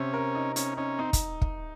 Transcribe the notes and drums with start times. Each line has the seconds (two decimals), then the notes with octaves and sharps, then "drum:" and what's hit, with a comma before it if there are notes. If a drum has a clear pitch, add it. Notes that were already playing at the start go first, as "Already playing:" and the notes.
Already playing: C3 C#4
0.14 A#4
0.35 D#4
0.56 C#4 D#4, drum: hi-hat
0.77 C#4 D#4
0.99 C4 D#4
1.13 drum: kick, hi-hat
1.42 drum: kick